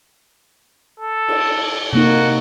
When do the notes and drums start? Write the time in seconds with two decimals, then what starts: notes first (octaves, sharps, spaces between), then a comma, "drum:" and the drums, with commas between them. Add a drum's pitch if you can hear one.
1.00 A4
1.28 drum: cymbal
1.93 C3 A#3 D#4 F#4